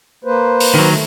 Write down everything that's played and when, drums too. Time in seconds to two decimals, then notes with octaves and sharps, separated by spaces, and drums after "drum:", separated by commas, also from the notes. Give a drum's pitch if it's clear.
0.24 A#3 B4 C5
0.60 drum: open hi-hat
0.75 D#3 F#3
0.88 A3